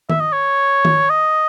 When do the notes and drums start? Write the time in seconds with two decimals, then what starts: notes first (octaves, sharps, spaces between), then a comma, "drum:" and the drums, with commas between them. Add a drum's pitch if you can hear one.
0.10 E5, drum: tom D#3
0.20 D#5
0.32 C#5
0.85 drum: tom D#3
1.10 D#5